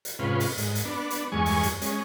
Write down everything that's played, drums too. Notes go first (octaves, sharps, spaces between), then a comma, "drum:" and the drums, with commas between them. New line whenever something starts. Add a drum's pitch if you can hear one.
drum: hi-hat
G#2 C3 C#4 F4 B4
drum: open hi-hat
G#2, drum: hi-hat
drum: hi-hat
B3 D4
drum: hi-hat
E2 G2 G#3 G#5 C#6
drum: open hi-hat
drum: hi-hat
G#3 C#4, drum: hi-hat